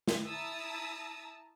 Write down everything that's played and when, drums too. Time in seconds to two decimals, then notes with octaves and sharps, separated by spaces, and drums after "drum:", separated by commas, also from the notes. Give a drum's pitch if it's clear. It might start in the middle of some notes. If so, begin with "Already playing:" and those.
0.07 drum: snare
0.25 E4 A5 A#5 D#6 E6 A6